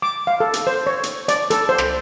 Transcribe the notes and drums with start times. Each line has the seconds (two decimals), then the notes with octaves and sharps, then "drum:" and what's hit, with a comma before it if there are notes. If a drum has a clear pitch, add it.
0.02 D6
0.27 F5
0.40 A4
0.53 drum: hi-hat
0.67 C5
0.87 C#5
1.03 drum: hi-hat
1.28 D5, drum: hi-hat
1.50 A4, drum: hi-hat
1.69 C5
1.78 drum: rim click